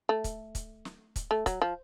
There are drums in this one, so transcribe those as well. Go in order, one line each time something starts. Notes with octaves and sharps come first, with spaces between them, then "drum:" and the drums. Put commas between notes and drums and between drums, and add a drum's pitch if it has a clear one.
A3
drum: kick, hi-hat
drum: kick, hi-hat
drum: snare
drum: kick, hi-hat
A3
F#3, drum: kick, hi-hat
F3